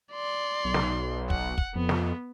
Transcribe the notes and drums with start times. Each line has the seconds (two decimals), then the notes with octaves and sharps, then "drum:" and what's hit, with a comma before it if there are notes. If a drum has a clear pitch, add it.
0.13 D5 C6
0.65 B1
0.74 drum: snare
1.30 F#5, drum: kick
1.58 drum: kick
1.75 F2 B3
1.89 drum: snare